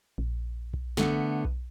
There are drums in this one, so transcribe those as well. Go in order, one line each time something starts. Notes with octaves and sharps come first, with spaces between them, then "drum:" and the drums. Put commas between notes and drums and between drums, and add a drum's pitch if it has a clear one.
A#1
drum: kick B1
D3 A3 B3, drum: snare
drum: kick B1